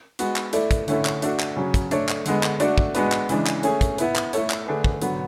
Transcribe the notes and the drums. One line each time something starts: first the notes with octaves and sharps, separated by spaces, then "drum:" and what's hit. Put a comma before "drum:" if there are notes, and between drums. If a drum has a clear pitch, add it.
G#3 B3 F#4, drum: hi-hat
drum: clap
A3 E4 A4 D5, drum: hi-hat
drum: kick, hi-hat
D3 A3 C#4 E4 A4, drum: hi-hat
drum: clap
A3 D4 F#4 A4, drum: hi-hat
drum: clap
C#3 F#3 C#4
drum: kick, hi-hat
A3 D4 A4 C#5, drum: hi-hat
drum: clap
D3 G#3 B3, drum: hi-hat
drum: clap
A3 D4 F#4 A4 D5, drum: hi-hat
drum: kick
G#3 B3 D4 F#4 B4, drum: hi-hat
drum: clap
C#3 E3 G#3 D4, drum: hi-hat
drum: clap
A3 C#4 G#4, drum: hi-hat
drum: kick, hi-hat
B3 E4 B4, drum: hi-hat
drum: clap
A3 E4 A4 C#5, drum: hi-hat
drum: clap
D3 A3 D4 G#4 B4
drum: kick
D3 F#3 B3, drum: hi-hat